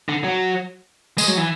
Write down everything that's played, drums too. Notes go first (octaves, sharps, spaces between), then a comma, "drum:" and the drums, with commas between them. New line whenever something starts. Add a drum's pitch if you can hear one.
D3
F#3
G#3, drum: tambourine
F#3
E3